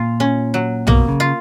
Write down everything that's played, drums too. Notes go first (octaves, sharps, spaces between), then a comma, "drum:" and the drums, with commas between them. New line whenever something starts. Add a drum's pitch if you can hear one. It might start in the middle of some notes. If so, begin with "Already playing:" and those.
Already playing: A#2 F4
C#4
F#3
B2 A#3, drum: tom B1
C#3
F4